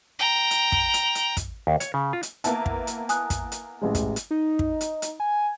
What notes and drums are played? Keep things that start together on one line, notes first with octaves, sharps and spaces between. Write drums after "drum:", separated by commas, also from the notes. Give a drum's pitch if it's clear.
G5 A#5
drum: hi-hat
drum: kick
drum: hi-hat
drum: hi-hat
drum: kick, hi-hat
D#2
C#5, drum: hi-hat
C#3
F4
drum: hi-hat
A#3 B3 E4 A5, drum: hi-hat
drum: kick
drum: hi-hat
G#5 D#6 F#6, drum: hi-hat
drum: kick, hi-hat
drum: hi-hat
A1 A2 G#3
drum: kick, hi-hat
drum: hi-hat
D#4
drum: kick
drum: hi-hat
drum: hi-hat
G#5